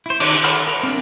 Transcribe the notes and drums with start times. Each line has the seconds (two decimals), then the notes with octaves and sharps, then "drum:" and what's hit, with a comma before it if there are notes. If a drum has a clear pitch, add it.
0.06 E4 C5
0.20 D#3 D6, drum: cymbal
0.44 A4 F#5 B5 C6 F6
0.65 A#4 B5
0.83 C4 D4